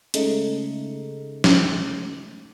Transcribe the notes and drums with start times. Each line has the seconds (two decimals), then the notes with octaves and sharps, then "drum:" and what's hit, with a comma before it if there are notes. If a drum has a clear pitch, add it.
0.14 C#3 G#3 A3 D#4, drum: hi-hat
1.44 drum: snare